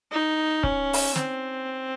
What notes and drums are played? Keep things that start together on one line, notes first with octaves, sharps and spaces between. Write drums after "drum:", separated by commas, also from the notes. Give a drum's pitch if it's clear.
D#4
C#4, drum: kick
drum: open hi-hat
C4, drum: snare